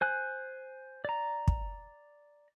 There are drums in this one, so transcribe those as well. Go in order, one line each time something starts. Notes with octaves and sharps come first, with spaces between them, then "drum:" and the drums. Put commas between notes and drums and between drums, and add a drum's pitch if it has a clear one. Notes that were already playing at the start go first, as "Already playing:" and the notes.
C5 G#5 F#6
D5 A#5
drum: kick